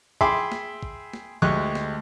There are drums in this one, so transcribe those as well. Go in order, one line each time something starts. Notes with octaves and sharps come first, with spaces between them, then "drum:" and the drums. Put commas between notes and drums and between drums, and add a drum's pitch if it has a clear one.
G#4 E5 G5 B5 C6 D6, drum: kick
drum: snare
drum: kick
drum: snare
D2 G#3 G4 D#5 C#6 F#6, drum: kick
drum: snare